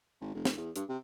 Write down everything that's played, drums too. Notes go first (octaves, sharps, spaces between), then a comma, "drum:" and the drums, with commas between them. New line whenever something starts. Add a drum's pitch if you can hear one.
G#1
F1
drum: snare
E2
G2, drum: hi-hat
C3